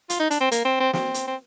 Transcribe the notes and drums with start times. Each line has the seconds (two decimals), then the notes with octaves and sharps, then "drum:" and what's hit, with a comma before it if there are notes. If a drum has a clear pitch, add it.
0.10 F4, drum: hi-hat
0.20 D#4
0.31 D4, drum: hi-hat
0.40 C4
0.52 A#3, drum: hi-hat
0.65 C4
0.80 C4
0.93 C4, drum: snare
1.14 drum: hi-hat
1.27 C4